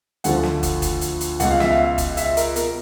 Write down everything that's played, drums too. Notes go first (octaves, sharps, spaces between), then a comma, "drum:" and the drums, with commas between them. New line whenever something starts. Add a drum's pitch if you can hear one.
D2 D3 F3 F#5, drum: hi-hat
drum: snare
drum: kick, hi-hat
drum: kick, hi-hat
drum: hi-hat
drum: hi-hat
C#2 B2 F#5, drum: hi-hat
F5
E5, drum: snare
F5
drum: kick, hi-hat
E5, drum: hi-hat
A#4, drum: hi-hat
B2 A#4, drum: hi-hat